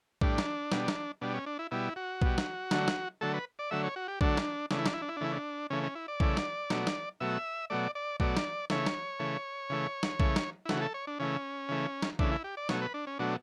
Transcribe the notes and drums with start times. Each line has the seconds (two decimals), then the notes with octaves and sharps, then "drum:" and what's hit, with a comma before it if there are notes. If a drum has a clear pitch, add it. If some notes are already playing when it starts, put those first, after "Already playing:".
0.21 A2 G3 D4, drum: kick A#1
0.38 drum: snare
0.72 B2 G3, drum: snare
0.88 drum: snare
1.21 B2 G3 D4
1.34 C#4
1.46 D4
1.59 E4
1.71 B2 G3 E4
1.96 F#4
2.22 B2 G3, drum: kick A#1
2.38 drum: snare
2.71 D3 F#3 A3, drum: snare
2.88 drum: snare
3.21 D3 F#3 A3 A4
3.34 B4
3.59 D5
3.71 D3 F#3 A3 E5
3.84 C#5
3.96 F#4
4.08 G4
4.21 D3 F#3 A3 D4, drum: kick A#1
4.37 drum: snare
4.71 C#3 E3 A3 D4, drum: snare
4.79 E4
4.86 D4, drum: snare
4.94 E4
5.02 D4
5.09 E4
5.17 D4
5.21 C#3 E3 A3 E4
5.32 D4
5.70 C#3 E3 A3 C#4
5.83 C#4
5.95 E4
6.08 D5
6.20 C#3 E3 A3, drum: kick A#1
6.37 drum: snare
6.70 B2 F#3 A3, drum: snare
6.87 drum: snare
7.20 B2 F#3 A3 E5
7.70 B2 F#3 A3 D5
7.95 D5
8.20 B2 F#3 A3 D5, drum: kick A#1
8.37 drum: snare
8.70 C#3 E3 A3 C#5, drum: snare
8.87 drum: snare
9.19 C#3 E3 A3
9.70 C#3 E3 A3
10.03 drum: snare
10.20 C#3 E3 A3, drum: kick A#1
10.36 drum: snare
10.65 E4
10.69 C#3 E3 A3 F#4, drum: snare
10.82 A4
10.94 C#5
11.07 D4
11.19 C#3 E3 A3 C#4
11.69 C#3 E3 A3
12.03 drum: snare
12.19 C#3 E3 A3 D4, drum: kick A#1
12.31 E4
12.44 G4
12.57 D5
12.69 B2 F#3 A3 C#5, drum: snare
12.82 B4
12.94 D4
13.07 C#4
13.19 B2 F#3 A3 D4